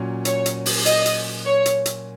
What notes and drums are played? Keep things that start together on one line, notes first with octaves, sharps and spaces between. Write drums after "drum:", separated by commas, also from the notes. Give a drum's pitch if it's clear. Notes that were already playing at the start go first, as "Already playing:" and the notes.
Already playing: A#2 F#3 C#4
C#5, drum: hi-hat
drum: hi-hat
drum: open hi-hat
D#5, drum: hi-hat
drum: hi-hat
C#5
drum: hi-hat
drum: hi-hat